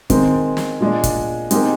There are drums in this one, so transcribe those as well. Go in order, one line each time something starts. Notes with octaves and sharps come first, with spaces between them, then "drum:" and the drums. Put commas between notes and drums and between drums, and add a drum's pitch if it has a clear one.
D#3 G#3 C4, drum: kick, hi-hat
drum: snare
A#2 G#3 D4
drum: kick, hi-hat
G#3 C4 D#4 G4 A#4, drum: hi-hat